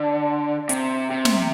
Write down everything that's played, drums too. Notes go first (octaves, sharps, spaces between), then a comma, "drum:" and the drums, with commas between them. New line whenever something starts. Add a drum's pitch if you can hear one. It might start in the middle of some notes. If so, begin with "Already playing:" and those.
Already playing: D3
C3, drum: hi-hat
C3
drum: snare